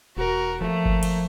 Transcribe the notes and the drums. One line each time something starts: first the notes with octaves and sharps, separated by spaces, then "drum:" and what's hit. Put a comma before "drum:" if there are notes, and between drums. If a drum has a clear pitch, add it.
E1 F#4 A#4
F3 A3 A#3
drum: kick G1
drum: cymbal